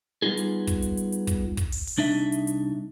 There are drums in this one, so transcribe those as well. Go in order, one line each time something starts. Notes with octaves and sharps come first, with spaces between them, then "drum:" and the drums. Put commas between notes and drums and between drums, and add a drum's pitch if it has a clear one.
G3 B3 D#4 F4 G#4
drum: hi-hat
drum: kick, hi-hat
drum: hi-hat
drum: hi-hat
drum: hi-hat
drum: kick, hi-hat
drum: kick, hi-hat
drum: open hi-hat
drum: open hi-hat
C2 D4 D#4 E5
drum: hi-hat
drum: hi-hat